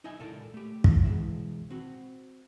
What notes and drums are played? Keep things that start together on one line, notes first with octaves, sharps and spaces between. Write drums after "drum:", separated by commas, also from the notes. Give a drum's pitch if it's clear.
D#4 E4 D#5 E5 G#5
C#2 A#2 A4 A#4 D5 A5
A3 G4
drum: kick
B2 E3 G#3 E4
C4 F#4